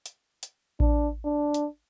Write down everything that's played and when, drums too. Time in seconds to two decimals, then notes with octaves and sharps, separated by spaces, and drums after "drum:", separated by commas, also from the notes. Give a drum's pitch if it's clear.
0.06 drum: hi-hat
0.43 drum: hi-hat
0.80 D4, drum: kick A1
1.25 D4
1.54 drum: hi-hat